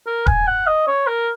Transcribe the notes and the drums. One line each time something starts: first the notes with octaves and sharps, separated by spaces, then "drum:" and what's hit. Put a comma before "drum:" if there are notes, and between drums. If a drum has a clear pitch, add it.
A#4
G#5, drum: kick D#1
F#5
D#5
C#5
A#4